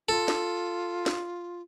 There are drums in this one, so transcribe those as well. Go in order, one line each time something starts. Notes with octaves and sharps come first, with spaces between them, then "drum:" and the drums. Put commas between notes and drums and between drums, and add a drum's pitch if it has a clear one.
F4 A4
drum: snare
drum: snare